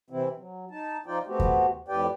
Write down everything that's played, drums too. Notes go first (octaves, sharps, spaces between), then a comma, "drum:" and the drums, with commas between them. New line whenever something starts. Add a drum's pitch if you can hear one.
C3 E3 C4 E4
F#3
D#4 A5
F3 D#4 F4 D5 G5
A3 B3 C4 F#4 G4
drum: kick E2
F2 A2 G4 B4 D5 G5